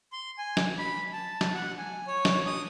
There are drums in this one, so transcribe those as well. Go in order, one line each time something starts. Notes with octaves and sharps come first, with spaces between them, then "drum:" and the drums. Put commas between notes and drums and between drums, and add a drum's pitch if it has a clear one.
C6
G#5
drum: snare
B5
A5
drum: snare
F#5
G#5
C#5
drum: snare
D#6